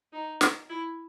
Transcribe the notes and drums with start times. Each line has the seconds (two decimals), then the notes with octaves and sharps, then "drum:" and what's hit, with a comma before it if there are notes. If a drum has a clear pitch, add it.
0.13 D#4
0.41 drum: snare
0.69 E4